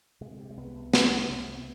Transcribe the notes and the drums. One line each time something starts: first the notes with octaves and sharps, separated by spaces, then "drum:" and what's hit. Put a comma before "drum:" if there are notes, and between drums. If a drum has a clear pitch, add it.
C3 G#3
C3
G#3
C2 B3
C2
C2, drum: snare
C3
C2
C3